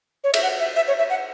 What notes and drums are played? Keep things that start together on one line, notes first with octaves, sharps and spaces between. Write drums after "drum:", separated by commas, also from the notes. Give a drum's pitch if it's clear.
C#5
E5, drum: cymbal
F#5
E5
E5
C#5
E5
F#5